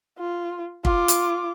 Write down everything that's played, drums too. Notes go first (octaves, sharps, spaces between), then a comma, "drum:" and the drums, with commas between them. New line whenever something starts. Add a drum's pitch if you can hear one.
F4
F4 D6, drum: kick
drum: hi-hat